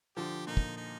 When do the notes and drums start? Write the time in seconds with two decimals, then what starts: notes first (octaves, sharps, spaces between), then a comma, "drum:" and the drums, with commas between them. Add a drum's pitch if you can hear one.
0.17 D3 F3 G4
0.47 A#2 D#4
0.57 drum: kick
0.77 D#4